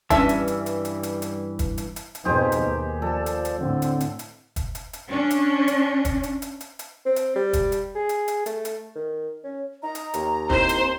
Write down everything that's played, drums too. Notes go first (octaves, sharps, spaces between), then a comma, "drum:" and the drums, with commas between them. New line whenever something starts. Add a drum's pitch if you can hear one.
G2 E3 G3 C#4 D4 E5, drum: kick, hi-hat
drum: hi-hat
drum: hi-hat
drum: hi-hat
drum: hi-hat
drum: hi-hat
drum: hi-hat
drum: kick, hi-hat
drum: hi-hat
drum: hi-hat
drum: hi-hat
F2 B2 D#4 G4 G#4 C5
drum: hi-hat
D#2
F3 A4 D5
drum: hi-hat
drum: hi-hat
A2 D3 C4
drum: hi-hat
drum: hi-hat
drum: hi-hat
drum: kick, hi-hat
drum: hi-hat
drum: hi-hat
C#4 D4
drum: hi-hat
drum: hi-hat
drum: kick, hi-hat
drum: hi-hat
drum: hi-hat
drum: hi-hat
drum: hi-hat
C4
drum: hi-hat
G3
drum: kick, hi-hat
drum: hi-hat
G#4
drum: hi-hat
drum: hi-hat
A3, drum: hi-hat
drum: hi-hat
D#3
C#4
D#4 A#5
drum: hi-hat
D#2, drum: hi-hat
C4 D#4 E4 C5, drum: kick
drum: hi-hat